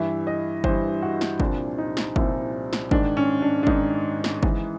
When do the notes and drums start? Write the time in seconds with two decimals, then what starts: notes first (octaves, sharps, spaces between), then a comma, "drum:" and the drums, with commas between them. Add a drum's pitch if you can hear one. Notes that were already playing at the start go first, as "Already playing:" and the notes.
Already playing: G2 E3 E5
0.27 D#5
0.64 G2 E3 C5, drum: kick
1.02 F#4
1.21 drum: snare
1.40 C2 A#2 F3 D4, drum: kick
1.78 D#4
1.97 drum: snare
2.16 C2 A#2 F3 E4, drum: kick
2.73 drum: snare
2.91 G#2 D#3 D4, drum: kick
3.17 C#4
3.42 D4
3.63 D4
3.67 G#2 D#3 D#4, drum: kick
4.24 drum: snare
4.43 G#2 E3, drum: kick